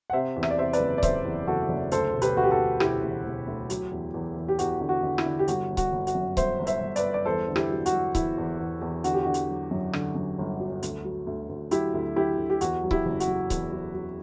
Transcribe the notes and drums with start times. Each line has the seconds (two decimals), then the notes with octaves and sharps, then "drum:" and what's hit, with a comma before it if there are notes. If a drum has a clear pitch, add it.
0.10 F#5
0.13 C3 C5 E5
0.36 E2
0.43 E5, drum: rim click
0.51 D5
0.58 C3 C5 E5
0.73 B4 D5, drum: hi-hat
0.80 F#1
0.98 D5
1.03 F#1 C5 E5, drum: kick C#1, hi-hat
1.24 E2
1.47 F#1 F#4 A4
1.69 F#1
1.91 D2 A4 C5, drum: hi-hat
2.13 E1
2.22 G4 B4, drum: hi-hat
2.36 D2 F#4
2.43 G4
2.51 F#4 A4
2.58 D2
2.80 E1 E4 G4, drum: rim click
3.03 E1
3.25 E1
3.47 D2
3.70 F#3, drum: hi-hat
3.91 E2
4.14 E2
4.37 E2
4.48 G4
4.59 E2 F#4, drum: hi-hat
4.81 D3
4.89 F#4
5.03 D3
5.18 E4, drum: rim click
5.26 D3
5.39 G4
5.48 G1 F#4, drum: hi-hat
5.70 G1
5.77 F#4, drum: kick C#1, hi-hat
5.92 G1
6.07 F#4, drum: hi-hat
6.15 F#2
6.37 G1 C5 E5, drum: kick C#1, hi-hat
6.59 G1
6.67 C5 E5, drum: hi-hat
6.81 G1
6.96 B4 D5, drum: hi-hat
7.03 G1
7.14 D5
7.26 E2 A4 C5
7.48 D3
7.56 E4 G4, drum: rim click
7.71 F#3
7.86 F#4, drum: hi-hat
7.93 F#3
8.15 E2 E4, drum: kick C#1, hi-hat
8.38 E2
8.60 E2
8.81 E2
9.04 D3 F#4, drum: hi-hat
9.13 G4
9.23 D3 F#4
9.34 drum: hi-hat
9.49 F#3
9.71 F#2
9.93 D3, drum: rim click
10.15 F#2
10.38 G1
10.60 F#3
10.83 D2, drum: hi-hat
11.05 F#3
11.27 D2
11.49 D2
11.71 F#3 E4 G4, drum: hi-hat
11.94 D2
12.16 F#3 E4 G4
12.38 D2
12.50 G4
12.61 E2 F#4, drum: hi-hat
12.84 F#3
12.91 E4 G4, drum: kick C#1
13.06 F#1
13.20 F#4, drum: hi-hat
13.28 F#3
13.50 E2, drum: kick C#1, hi-hat
13.72 F#3
13.94 F#3